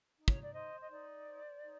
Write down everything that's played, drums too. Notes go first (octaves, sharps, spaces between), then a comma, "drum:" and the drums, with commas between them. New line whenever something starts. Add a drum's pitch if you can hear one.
D#4
C#5, drum: kick
D5
C5 D#5
D#5
D#4 D5
C5
D#4